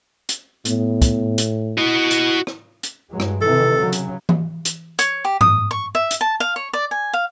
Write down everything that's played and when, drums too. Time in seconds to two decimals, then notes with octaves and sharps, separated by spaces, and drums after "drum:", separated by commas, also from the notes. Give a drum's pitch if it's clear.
0.29 drum: hi-hat
0.65 A2 B3, drum: hi-hat
1.02 drum: kick, hi-hat
1.38 drum: hi-hat
1.78 E4 F#4 D#5
2.11 drum: hi-hat
2.47 drum: rim click
2.83 drum: hi-hat
3.10 G2 F#3 G#3
3.20 drum: rim click
3.41 C3 D#3 E3 A4
3.77 C#3 F#3
3.92 drum: hi-hat
4.29 drum: tom E3
4.65 drum: hi-hat
4.99 C#5, drum: hi-hat
5.25 G4
5.41 D#6, drum: tom G2
5.71 C#6
5.95 E5
6.11 drum: hi-hat
6.21 A5
6.40 F5
6.56 C#5
6.73 D5
6.91 G#5
7.13 F5